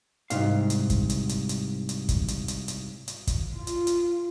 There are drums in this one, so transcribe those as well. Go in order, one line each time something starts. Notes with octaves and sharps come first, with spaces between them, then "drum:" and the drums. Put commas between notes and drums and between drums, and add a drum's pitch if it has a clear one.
C2 G#2 F5, drum: hi-hat
drum: hi-hat
drum: kick, hi-hat
drum: hi-hat
drum: hi-hat
drum: hi-hat
drum: hi-hat
drum: kick, hi-hat
drum: hi-hat
drum: hi-hat
drum: hi-hat
drum: hi-hat
drum: kick, hi-hat
F4
drum: hi-hat
drum: hi-hat